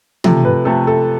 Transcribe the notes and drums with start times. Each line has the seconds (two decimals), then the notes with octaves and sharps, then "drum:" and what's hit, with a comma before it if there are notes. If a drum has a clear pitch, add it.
0.24 C3 F3 A3, drum: tom
0.45 B4
0.65 C3 F3 A3 A4
0.87 A4